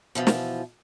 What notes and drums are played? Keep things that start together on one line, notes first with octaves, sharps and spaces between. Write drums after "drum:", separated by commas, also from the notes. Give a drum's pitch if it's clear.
B2 E3 F3
drum: snare